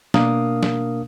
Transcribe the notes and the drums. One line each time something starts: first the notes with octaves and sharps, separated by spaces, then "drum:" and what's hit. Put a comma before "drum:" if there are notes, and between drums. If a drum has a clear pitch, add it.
B2 A#3 D4 A#4 F5 D#6, drum: snare
drum: snare